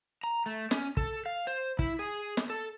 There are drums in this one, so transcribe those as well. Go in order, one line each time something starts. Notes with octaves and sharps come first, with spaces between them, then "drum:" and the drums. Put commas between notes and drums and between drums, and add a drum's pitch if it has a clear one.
A#5
A3
C#4, drum: snare
A4, drum: kick
F5
C5
E4, drum: kick
G#4
drum: snare
A4